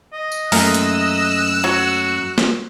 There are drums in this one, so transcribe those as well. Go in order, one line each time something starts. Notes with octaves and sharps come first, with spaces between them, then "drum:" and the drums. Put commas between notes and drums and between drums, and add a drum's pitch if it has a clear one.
D#5
drum: tambourine
F#2 A3 A#3 A#4 E6 F#6, drum: open hi-hat
drum: hi-hat
F#3 F#4
drum: snare